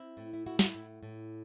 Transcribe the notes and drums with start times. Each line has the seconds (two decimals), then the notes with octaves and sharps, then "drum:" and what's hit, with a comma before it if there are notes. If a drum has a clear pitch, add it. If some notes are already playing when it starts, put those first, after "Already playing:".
Already playing: C4 E4
0.17 A2
0.33 E4
0.46 E4 F#4
0.59 F#4, drum: snare
0.65 E4
0.75 A2
1.03 A2